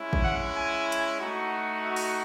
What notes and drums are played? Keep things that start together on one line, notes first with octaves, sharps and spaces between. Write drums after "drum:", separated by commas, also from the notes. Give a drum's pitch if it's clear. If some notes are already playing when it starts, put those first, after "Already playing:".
Already playing: G#3 C#4 E4
drum: kick
F#5
G#5
drum: hi-hat
A3 D#4 F#4
E5
drum: open hi-hat